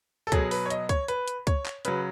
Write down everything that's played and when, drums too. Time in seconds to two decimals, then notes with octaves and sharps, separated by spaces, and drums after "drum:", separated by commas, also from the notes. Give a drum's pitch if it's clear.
0.27 A4
0.32 B2 F#3 G#4, drum: kick, hi-hat
0.51 B4, drum: open hi-hat
0.66 C#5
0.70 D#5, drum: hi-hat
0.89 C#5, drum: kick, hi-hat
1.08 B4, drum: hi-hat
1.28 drum: hi-hat
1.47 C#5, drum: kick, hi-hat
1.66 drum: clap
1.85 C#3 F#3 B4, drum: hi-hat